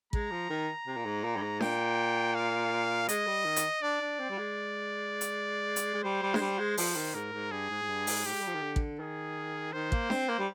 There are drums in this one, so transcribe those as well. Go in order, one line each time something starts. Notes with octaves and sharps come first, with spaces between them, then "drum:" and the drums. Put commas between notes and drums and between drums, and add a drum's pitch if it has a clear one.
G#3 A#5, drum: kick
F3
D#3
C3
A#2
G#2
A#2
G2
G#2
A#2 G5, drum: snare D4
F5
G#3 D#5, drum: hi-hat
G3
D#3
drum: hi-hat
D4 D5
D4
C4
G3
G#3
drum: hi-hat
drum: hi-hat
G#3
G3 C5
G3
G#3, drum: snare D4
G3
G#3
F3 C5, drum: open hi-hat
D#3
G#2 A#4
G#2
G2 G#4
G#2
G#2
G2
G#2, drum: open hi-hat
G#2 G4
G#3
G3
F3
D#3
D3
drum: kick
D#3 G#4
D#3 C5
A#3, drum: kick
C4, drum: snare D4
A#3
G3